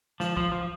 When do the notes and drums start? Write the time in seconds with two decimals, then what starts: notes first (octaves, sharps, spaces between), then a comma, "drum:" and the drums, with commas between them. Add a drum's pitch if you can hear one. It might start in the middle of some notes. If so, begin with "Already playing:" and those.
0.20 F3, drum: snare
0.37 F3, drum: kick B1
0.52 F3